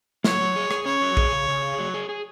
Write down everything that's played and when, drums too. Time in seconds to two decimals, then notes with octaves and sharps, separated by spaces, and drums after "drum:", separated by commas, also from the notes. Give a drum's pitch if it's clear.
0.24 F#3 C#5, drum: snare
0.40 F#3
0.56 G#4
0.71 G#4, drum: rim click
0.86 C#4 C#5
1.01 F#3
1.17 G#4, drum: kick A#1
1.32 C#3
1.48 C#3
1.62 G#4
1.79 F#3
1.94 G#4
2.09 G#4